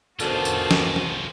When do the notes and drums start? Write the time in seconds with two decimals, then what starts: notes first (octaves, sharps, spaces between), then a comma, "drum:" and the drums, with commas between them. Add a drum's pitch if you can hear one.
0.20 B2 D3 D#3 F4 F#4 G#4 C5 A5, drum: tambourine
0.45 drum: tambourine
0.71 drum: snare
0.96 drum: tom E3